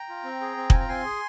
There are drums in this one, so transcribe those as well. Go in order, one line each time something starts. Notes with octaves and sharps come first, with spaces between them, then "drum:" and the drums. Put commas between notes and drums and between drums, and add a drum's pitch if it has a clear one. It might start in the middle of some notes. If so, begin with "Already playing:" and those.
Already playing: G5 A#5
F4
C4
G#4
C4
F4 G#5, drum: kick
A#5
C4 G#5 C6
G#4